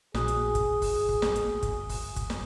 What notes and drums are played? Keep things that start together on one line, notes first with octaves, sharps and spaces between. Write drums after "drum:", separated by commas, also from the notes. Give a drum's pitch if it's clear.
A#1 F#4 G#4 G#5 D#6, drum: snare
drum: hi-hat
drum: kick, hi-hat
drum: kick, open hi-hat
drum: kick
drum: snare
drum: hi-hat
drum: kick, hi-hat
drum: kick, open hi-hat
drum: kick, hi-hat
drum: snare